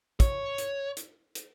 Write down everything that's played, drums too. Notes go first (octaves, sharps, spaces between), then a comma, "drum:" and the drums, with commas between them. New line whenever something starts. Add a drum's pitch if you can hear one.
C#5, drum: kick, hi-hat
drum: hi-hat
drum: hi-hat
drum: hi-hat